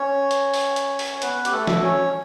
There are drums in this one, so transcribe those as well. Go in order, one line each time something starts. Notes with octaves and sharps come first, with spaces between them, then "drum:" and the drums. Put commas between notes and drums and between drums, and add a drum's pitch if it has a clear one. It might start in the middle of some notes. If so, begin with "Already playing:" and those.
Already playing: C#4 C#5
drum: hi-hat
drum: open hi-hat
drum: hi-hat
drum: open hi-hat
C#5
B3 B4, drum: hi-hat
G4, drum: hi-hat
A3 A4
drum: snare
C#4 C#5